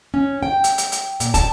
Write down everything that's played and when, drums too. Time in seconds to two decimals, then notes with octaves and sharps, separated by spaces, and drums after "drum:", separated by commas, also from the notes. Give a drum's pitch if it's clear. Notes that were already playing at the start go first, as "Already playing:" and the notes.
0.14 C#4
0.43 G5
0.64 drum: hi-hat
0.78 drum: hi-hat
0.92 drum: hi-hat
1.20 A#2, drum: hi-hat
1.34 A5, drum: kick, hi-hat